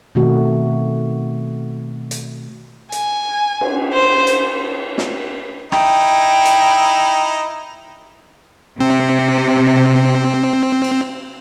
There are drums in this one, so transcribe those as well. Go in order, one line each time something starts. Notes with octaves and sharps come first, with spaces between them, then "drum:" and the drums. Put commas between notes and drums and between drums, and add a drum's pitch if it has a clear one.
B2 D#3 A3 C4 F#4
drum: hi-hat
G#5, drum: hi-hat
drum: cymbal
C5
drum: hi-hat
drum: snare
D#4 E4 G5, drum: rim click
drum: hi-hat
C3 C4
drum: cymbal